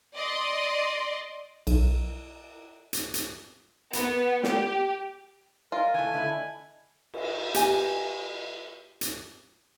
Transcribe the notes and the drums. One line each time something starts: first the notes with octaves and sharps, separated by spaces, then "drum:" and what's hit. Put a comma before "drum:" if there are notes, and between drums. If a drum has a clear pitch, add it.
D5 D#5 C6
B1, drum: cymbal
drum: hi-hat
drum: hi-hat
B3, drum: hi-hat
G4, drum: snare
F4 A#4 D#5
E3 A3 G#5
D3 A3 E4
drum: cymbal
G4 G#5, drum: hi-hat
drum: hi-hat